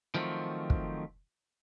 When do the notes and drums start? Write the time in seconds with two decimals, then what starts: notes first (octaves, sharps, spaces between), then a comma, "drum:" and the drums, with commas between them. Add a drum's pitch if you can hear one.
0.15 D#3 F3 F#3 A3 C4
0.70 drum: kick